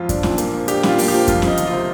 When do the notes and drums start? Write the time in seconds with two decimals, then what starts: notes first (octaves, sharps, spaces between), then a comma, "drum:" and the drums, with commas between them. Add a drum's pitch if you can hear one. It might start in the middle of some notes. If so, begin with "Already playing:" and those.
Already playing: F2 F4
0.09 D4, drum: kick F#2, hi-hat
0.23 A#2, drum: snare C#4
0.38 A#3, drum: hi-hat
0.53 F3
0.68 D4 G4, drum: hi-hat
0.83 A#2 F4, drum: snare C#4
0.98 A#3, drum: open hi-hat
1.08 F3 G4
1.28 F2 F4, drum: kick F#2, hi-hat
1.42 F2, drum: snare C#4
1.47 D#4
1.58 D#3, drum: hi-hat
1.67 C3 F4